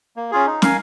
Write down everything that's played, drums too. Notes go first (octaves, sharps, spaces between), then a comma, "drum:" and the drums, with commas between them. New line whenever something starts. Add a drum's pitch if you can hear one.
A#3
C#4 F4 G#4
D#4
A#4 F5 G#5, drum: snare